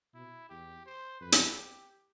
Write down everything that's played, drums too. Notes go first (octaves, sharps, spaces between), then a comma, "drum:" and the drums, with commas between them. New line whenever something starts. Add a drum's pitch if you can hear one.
B2 E4
E2 G4
C5
F2 B4
drum: hi-hat
G4